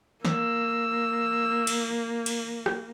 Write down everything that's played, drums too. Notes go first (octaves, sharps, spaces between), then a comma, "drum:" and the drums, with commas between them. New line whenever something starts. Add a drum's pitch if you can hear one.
A#3 E6, drum: snare
drum: cymbal
drum: cymbal
drum: rim click